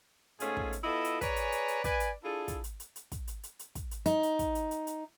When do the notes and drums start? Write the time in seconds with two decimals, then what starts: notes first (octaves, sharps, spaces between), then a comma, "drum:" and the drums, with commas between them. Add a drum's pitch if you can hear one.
0.40 G#2 A3 B3 C#4 F4 G#4, drum: hi-hat
0.57 drum: kick
0.73 drum: hi-hat
0.83 B3 E4 F4 A4 D#5
1.04 drum: hi-hat
1.21 G#4 B4 C#5 D5 G#5 A#5, drum: kick, hi-hat
1.36 drum: hi-hat
1.52 drum: hi-hat
1.68 drum: hi-hat
1.84 B4 D5 G#5, drum: kick, hi-hat
2.00 drum: hi-hat
2.24 D4 E4 F4 G#4 A4
2.48 drum: kick, hi-hat
2.64 drum: hi-hat
2.80 drum: hi-hat
2.96 drum: hi-hat
3.12 drum: kick, hi-hat
3.28 drum: hi-hat
3.43 drum: hi-hat
3.59 drum: hi-hat
3.75 drum: kick, hi-hat
3.91 drum: hi-hat
4.06 D#4, drum: hi-hat
4.23 drum: hi-hat
4.39 drum: kick, hi-hat
4.55 drum: hi-hat
4.71 drum: hi-hat
4.87 drum: hi-hat